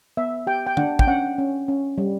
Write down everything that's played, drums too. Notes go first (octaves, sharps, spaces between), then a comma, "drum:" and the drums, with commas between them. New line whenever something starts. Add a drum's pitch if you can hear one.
B3 E5
G4 G5
G5
D4 F#5, drum: tom D3
G5, drum: kick
C#4 F#5
C#4
C#4
G3